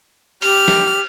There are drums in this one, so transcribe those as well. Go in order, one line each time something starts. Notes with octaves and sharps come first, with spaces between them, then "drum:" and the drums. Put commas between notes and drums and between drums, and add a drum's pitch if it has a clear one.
G4 F6, drum: cymbal
drum: snare